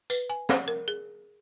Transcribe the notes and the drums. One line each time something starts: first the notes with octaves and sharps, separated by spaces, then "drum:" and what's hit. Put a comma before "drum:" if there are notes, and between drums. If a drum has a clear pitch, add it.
B4, drum: tambourine
G#5
F#5, drum: snare
A#4
G#4